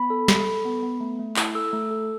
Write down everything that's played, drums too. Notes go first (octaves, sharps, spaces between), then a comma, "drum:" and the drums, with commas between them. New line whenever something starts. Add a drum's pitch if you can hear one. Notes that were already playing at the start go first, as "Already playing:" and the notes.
Already playing: B3 B5
A4
A4, drum: snare
A4
B3
B3
A3
A3
E4, drum: clap
A4 E6
A3
A4